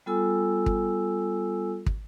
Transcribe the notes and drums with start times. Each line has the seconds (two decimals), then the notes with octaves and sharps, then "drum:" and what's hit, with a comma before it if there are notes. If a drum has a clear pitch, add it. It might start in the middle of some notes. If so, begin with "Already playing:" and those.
0.06 G3 B3 F4 A4 G#5 E6
0.66 drum: kick
1.86 drum: kick